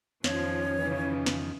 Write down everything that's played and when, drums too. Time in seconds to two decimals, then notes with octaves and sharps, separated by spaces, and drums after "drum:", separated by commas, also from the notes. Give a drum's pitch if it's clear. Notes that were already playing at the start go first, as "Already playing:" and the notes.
0.24 F2 D#3 F3 C#4 C#5, drum: snare
0.77 C#3 E3
1.26 drum: snare